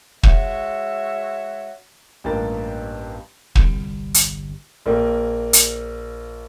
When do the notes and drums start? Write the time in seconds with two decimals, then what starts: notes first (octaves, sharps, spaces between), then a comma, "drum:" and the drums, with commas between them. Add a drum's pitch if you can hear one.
0.23 G#3 F#4 C#5 E5, drum: kick
2.24 A1 G2 F3 A#3 G4 A6
3.55 G1 C2 G3, drum: kick
4.14 drum: hi-hat
4.86 A#1 A#3 G5
5.53 drum: hi-hat